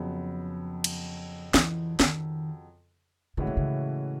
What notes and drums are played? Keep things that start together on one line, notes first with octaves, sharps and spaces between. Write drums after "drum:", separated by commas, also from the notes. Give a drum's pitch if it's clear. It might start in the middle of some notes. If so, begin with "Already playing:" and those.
Already playing: F2 C#3 F3 F#3 B3
drum: cymbal
E3, drum: snare
D#3, drum: snare
A2 C#3 E3 G#3 C#4 F#4
C3
C#3